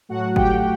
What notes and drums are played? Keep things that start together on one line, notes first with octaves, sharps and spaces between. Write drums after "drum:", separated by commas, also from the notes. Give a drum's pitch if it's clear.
A2 F#3 A3 F#4 F#5
G4 G5, drum: kick G1